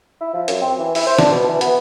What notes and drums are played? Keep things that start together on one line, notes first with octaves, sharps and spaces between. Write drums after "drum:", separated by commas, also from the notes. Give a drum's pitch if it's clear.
E4
F3
F#2, drum: hi-hat
C4
E3
E4, drum: open hi-hat
C5
D4, drum: snare
B2
E3
B3, drum: hi-hat